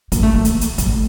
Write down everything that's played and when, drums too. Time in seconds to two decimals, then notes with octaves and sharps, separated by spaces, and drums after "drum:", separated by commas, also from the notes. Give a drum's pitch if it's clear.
0.12 A#3, drum: kick, hi-hat
0.23 A3
0.34 A#3
0.45 drum: hi-hat
0.61 drum: hi-hat
0.78 A3, drum: kick, hi-hat